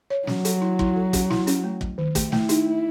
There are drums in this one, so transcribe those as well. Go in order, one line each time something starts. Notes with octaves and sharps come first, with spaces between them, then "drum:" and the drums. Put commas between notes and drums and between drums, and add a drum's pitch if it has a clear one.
C#5
F#3 C#4, drum: snare
A4, drum: hi-hat
E4
E4, drum: kick
A4
C#4, drum: kick, hi-hat
E4, drum: snare
C#4, drum: hi-hat
A3
F#3, drum: kick
D#3
A3, drum: kick, hi-hat
A3 E4, drum: snare
D#4, drum: hi-hat
A3